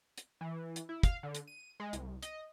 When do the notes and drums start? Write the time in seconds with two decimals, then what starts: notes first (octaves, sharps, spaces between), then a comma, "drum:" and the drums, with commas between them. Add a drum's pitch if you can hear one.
0.17 drum: hi-hat
0.41 E3
0.76 drum: hi-hat
0.89 E4
1.03 F5, drum: kick, hi-hat
1.23 D3
1.35 drum: hi-hat
1.47 D#7
1.80 G#3
1.93 C2, drum: hi-hat
2.22 D#5, drum: hi-hat